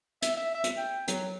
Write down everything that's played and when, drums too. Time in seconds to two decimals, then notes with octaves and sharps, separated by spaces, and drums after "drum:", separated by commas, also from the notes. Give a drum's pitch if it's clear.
0.22 E5, drum: hi-hat
0.37 E5
0.55 E5
0.64 drum: hi-hat
0.77 G5
1.08 F#3, drum: hi-hat